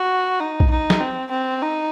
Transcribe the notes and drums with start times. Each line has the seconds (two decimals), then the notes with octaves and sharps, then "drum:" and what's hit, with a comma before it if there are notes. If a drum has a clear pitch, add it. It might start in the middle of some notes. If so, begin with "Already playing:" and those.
Already playing: F#4
0.40 D#4
0.60 drum: kick
0.71 D#4
0.90 drum: snare
1.01 C4
1.31 C4
1.62 D#4